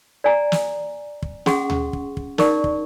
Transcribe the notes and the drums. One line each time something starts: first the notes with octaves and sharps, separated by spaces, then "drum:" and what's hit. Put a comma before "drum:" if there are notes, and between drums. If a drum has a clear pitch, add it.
D5 G#5 A#5
drum: snare
drum: kick
C#4 G#4 F#5 C6 C#6, drum: snare
drum: tom D2
drum: kick
drum: kick
D#4 A#4 D5 C#6, drum: snare
drum: kick